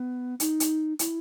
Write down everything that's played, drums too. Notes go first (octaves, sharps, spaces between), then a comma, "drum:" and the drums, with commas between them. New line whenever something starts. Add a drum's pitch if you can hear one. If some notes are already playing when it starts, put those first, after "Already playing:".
Already playing: B3
D#4, drum: hi-hat
drum: hi-hat
E4, drum: hi-hat